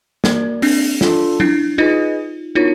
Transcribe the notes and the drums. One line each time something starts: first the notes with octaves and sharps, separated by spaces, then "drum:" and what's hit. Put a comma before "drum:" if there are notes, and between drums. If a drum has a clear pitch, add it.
A#3 F#4 A#4 D5, drum: snare
C4 D4, drum: open hi-hat
D4 F4 A4, drum: snare
D4 E4, drum: tom
D#4 F4 G#4 B4 D#5
B3 D4 D#4 F4 F#4 A#4 C#5